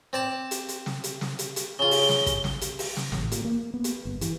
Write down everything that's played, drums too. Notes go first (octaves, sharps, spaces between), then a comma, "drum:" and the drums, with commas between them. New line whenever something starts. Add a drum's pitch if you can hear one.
C4 D5 A5
drum: hi-hat
drum: hi-hat
drum: snare
drum: hi-hat
drum: snare
drum: hi-hat
drum: hi-hat
C#3 F4 G7
drum: open hi-hat
drum: snare
drum: kick, hi-hat
drum: snare
drum: hi-hat
drum: open hi-hat
drum: snare
A1, drum: snare
A#2, drum: hi-hat
A#3
B3
drum: hi-hat
G1
E3, drum: hi-hat